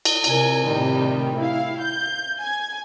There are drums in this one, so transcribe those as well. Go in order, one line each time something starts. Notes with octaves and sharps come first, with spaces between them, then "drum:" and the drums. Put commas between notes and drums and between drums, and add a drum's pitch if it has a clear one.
drum: cymbal
C3 A#4 G#5, drum: cymbal
A2 C3 D#3 G3
E4 F5
G6
G#5 G#6